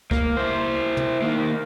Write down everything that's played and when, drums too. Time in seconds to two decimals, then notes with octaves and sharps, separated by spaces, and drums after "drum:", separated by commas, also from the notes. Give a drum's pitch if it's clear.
0.11 A#3, drum: kick
0.37 E4 C5
0.97 drum: tom
1.22 D#3 A#3